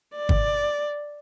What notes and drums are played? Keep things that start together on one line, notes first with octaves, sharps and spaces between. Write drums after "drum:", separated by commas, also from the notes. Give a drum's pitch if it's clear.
D5
drum: kick